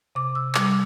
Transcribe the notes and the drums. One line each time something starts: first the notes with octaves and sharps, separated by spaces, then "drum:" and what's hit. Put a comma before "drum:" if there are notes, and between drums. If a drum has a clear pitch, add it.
C3 D6
E6
G3 D6, drum: clap